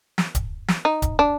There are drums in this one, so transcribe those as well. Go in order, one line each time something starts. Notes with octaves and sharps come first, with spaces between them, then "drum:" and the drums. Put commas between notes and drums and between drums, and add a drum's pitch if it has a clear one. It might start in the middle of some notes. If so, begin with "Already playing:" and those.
drum: snare
drum: kick, hi-hat
drum: snare
D#4
drum: kick, hi-hat
D4